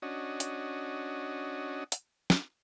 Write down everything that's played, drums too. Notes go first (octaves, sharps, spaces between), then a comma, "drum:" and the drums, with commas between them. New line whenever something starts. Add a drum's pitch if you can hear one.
C#4 D4 F#4 D#5
drum: hi-hat
drum: hi-hat
drum: snare